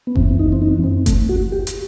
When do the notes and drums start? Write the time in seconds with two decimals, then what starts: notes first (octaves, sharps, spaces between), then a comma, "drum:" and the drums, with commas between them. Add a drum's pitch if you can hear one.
0.07 B3
0.16 F#2 E3 C4, drum: kick F#1
0.39 D#4
0.52 C4
0.62 D#4
0.84 C4
1.06 A3, drum: kick F#1, hi-hat
1.29 F#4
1.52 G4
1.67 drum: hi-hat